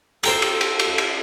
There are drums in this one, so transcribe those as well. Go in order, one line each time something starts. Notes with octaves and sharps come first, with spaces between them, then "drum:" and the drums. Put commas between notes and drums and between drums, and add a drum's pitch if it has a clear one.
A4 C5 G5 A#5, drum: cymbal
drum: cymbal
drum: cymbal
drum: cymbal
drum: cymbal